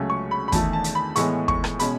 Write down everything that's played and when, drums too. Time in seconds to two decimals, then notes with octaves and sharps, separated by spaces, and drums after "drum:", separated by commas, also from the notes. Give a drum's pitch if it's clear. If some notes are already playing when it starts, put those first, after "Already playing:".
Already playing: C#2 C#3 F#3 A3 C#4
0.10 C#6
0.31 B5
0.48 B5
0.52 E2 D#3 A3 A5, drum: kick, hi-hat
0.73 A5
0.84 drum: hi-hat
0.95 B5
1.16 A2 E3 G#3 B3 C#6, drum: hi-hat
1.48 C#6, drum: kick
1.64 drum: rim click
1.79 B2 G#3 C#4 B5, drum: hi-hat